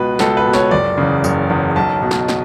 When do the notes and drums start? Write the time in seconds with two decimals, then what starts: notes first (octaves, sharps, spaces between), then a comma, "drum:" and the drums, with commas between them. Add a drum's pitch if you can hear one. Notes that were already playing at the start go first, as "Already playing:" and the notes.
Already playing: C#2 B2 B4
0.19 C#2 A4, drum: snare
0.37 B4
0.46 B2
0.54 C#5, drum: snare
0.71 F#1 D5, drum: tom
0.98 E2 C#3
1.24 F#1, drum: tambourine
1.50 E2 C#3
1.76 B1 A5
2.02 B2
2.11 drum: snare
2.28 drum: snare